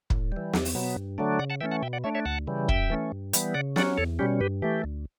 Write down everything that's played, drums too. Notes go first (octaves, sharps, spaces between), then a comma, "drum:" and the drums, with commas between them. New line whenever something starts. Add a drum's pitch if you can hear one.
A2, drum: kick
E3 G3
E2, drum: snare
drum: open hi-hat
B2 F#3 B3
G2
D3 F#3 A3 D4
C#3 D5 F#5
F#5 A5
E3 A3 C#4 E5 G5
F#5 A5
B2 E5 G5
D5 F#5
A3 D4 C#5 E5
C#5 E5
D2 F#5 A5
C#3 E3 G3
F#2 E5 G5, drum: kick
E3 A3 C#4
G2
E3 G3 B3, drum: hi-hat
C#3 D5 F#5
F#3 C#4 D5 F#5, drum: snare
E2 A4 C#5
B2 G3 C#4 G4
G2 G4 B4
E3 A3 G4
D2